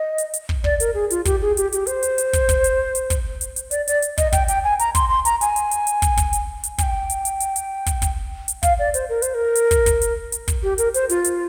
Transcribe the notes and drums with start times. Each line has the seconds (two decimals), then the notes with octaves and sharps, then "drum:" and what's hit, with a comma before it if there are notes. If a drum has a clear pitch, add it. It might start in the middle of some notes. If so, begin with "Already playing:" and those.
Already playing: D#5
0.18 drum: hi-hat
0.34 drum: hi-hat
0.49 drum: kick
0.64 D5, drum: kick
0.80 A#4, drum: hi-hat
0.94 G#4
1.10 F4, drum: hi-hat
1.25 G4, drum: kick, hi-hat
1.42 G#4
1.57 G4, drum: hi-hat
1.72 G4, drum: hi-hat
1.87 C5, drum: hi-hat
2.03 drum: hi-hat
2.18 drum: hi-hat
2.33 drum: kick, hi-hat
2.49 drum: kick, hi-hat
2.64 drum: hi-hat
2.95 drum: hi-hat
3.10 drum: kick, hi-hat
3.41 drum: hi-hat
3.56 drum: hi-hat
3.71 D5, drum: hi-hat
3.88 D5, drum: hi-hat
4.02 drum: hi-hat
4.18 D#5, drum: kick, hi-hat
4.33 G5, drum: kick, hi-hat
4.48 G5, drum: hi-hat
4.64 G#5
4.79 A#5, drum: hi-hat
4.95 C6, drum: kick, hi-hat
5.09 C6
5.25 A#5, drum: hi-hat
5.41 G#5, drum: hi-hat
5.56 drum: hi-hat
5.71 drum: hi-hat
5.87 drum: hi-hat
6.02 drum: kick, hi-hat
6.17 drum: kick, hi-hat
6.33 drum: hi-hat
6.64 drum: hi-hat
6.78 G#5, drum: kick, hi-hat
6.82 G5
7.10 drum: hi-hat
7.25 drum: hi-hat
7.40 drum: hi-hat
7.56 drum: hi-hat
7.86 drum: kick, hi-hat
8.02 drum: kick, hi-hat
8.48 drum: hi-hat
8.63 F5, drum: kick, hi-hat
8.79 D5
8.94 C5, drum: hi-hat
9.09 A#4
9.22 C5, drum: hi-hat
9.34 A#4
9.55 drum: hi-hat
9.71 drum: kick, hi-hat
9.86 drum: kick, hi-hat
10.02 drum: hi-hat
10.32 drum: hi-hat
10.48 drum: kick, hi-hat
10.63 G4
10.78 A#4, drum: hi-hat
10.94 C5, drum: hi-hat
11.09 F4, drum: hi-hat
11.24 drum: hi-hat